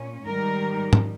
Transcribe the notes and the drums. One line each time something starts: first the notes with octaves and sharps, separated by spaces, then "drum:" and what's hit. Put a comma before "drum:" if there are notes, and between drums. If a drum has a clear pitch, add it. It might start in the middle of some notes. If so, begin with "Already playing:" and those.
Already playing: A#2 C#4
G#2 D#3 G3 A#4
drum: tom